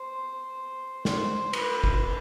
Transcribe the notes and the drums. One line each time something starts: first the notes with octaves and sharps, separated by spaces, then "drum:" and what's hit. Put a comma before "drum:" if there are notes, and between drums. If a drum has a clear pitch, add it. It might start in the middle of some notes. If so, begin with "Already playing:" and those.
Already playing: C5
C5, drum: snare
B4, drum: cymbal
drum: kick